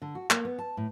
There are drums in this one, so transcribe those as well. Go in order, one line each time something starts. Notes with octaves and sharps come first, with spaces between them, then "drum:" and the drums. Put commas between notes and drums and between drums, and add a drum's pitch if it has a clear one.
D3
F#4
A#3, drum: clap
B3
A5
A2